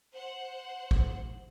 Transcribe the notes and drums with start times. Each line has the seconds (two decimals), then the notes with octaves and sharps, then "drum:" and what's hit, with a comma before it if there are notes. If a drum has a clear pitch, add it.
0.14 C5 F#5
0.91 drum: kick